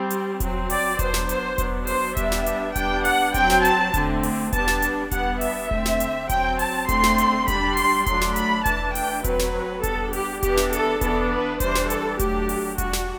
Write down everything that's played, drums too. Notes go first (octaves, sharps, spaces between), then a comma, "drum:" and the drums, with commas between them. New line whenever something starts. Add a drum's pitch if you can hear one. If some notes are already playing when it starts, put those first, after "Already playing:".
Already playing: G3 C4
drum: hi-hat
F#3 C4, drum: kick E1, hi-hat
D5, drum: open hi-hat
F#3 B3 D4 C5, drum: kick E1, hi-hat
drum: snare
C5, drum: hi-hat
F#3 B3 D4, drum: kick E1, hi-hat
C5, drum: open hi-hat
G3 B3 D4 E5, drum: kick E1, hi-hat
drum: snare
drum: hi-hat
G3 B3 D4 G5, drum: kick E1, hi-hat
F#5, drum: open hi-hat
F#3 C4 G5, drum: kick E1, hi-hat
drum: snare
A5, drum: hi-hat
D3 A3 C4, drum: kick E1, hi-hat
drum: open hi-hat
G3 B3 D4 A5, drum: kick E1, hi-hat
drum: snare
drum: hi-hat
G3 B3 D4 F#5, drum: kick E1, hi-hat
E5, drum: open hi-hat
D3 A3 C4, drum: kick E1
drum: snare
drum: hi-hat
F#3 C4 G5, drum: kick E1, hi-hat
A5, drum: open hi-hat
D3 A3 C4 C6, drum: kick E1, hi-hat
drum: snare
drum: hi-hat
G3 D4 B5, drum: kick E1, hi-hat
C6, drum: open hi-hat
F#3 A3 D4 C6, drum: kick E1, hi-hat
drum: snare
B5, drum: hi-hat
E3 A3 D4 A5, drum: kick E1, hi-hat
G5, drum: open hi-hat
F#3 C4 B4, drum: kick E1, hi-hat
drum: snare
G3 B3 D4 A4, drum: kick E1, hi-hat
G4, drum: open hi-hat
E3 B3 D4 G4, drum: kick E1, hi-hat
drum: snare
A4, drum: hi-hat
E3 B3 D4 A4, drum: kick E1, hi-hat
B4
E3 G3 D4 C5, drum: kick E1, hi-hat
drum: snare
A4, drum: hi-hat
F#3 A3 D4 G4, drum: kick E1, hi-hat
drum: open hi-hat
G3 D4 F#4, drum: kick E1, hi-hat
drum: snare